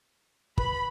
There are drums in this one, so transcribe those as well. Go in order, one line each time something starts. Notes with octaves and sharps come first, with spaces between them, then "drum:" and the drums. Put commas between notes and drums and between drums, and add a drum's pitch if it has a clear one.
B4 B5, drum: kick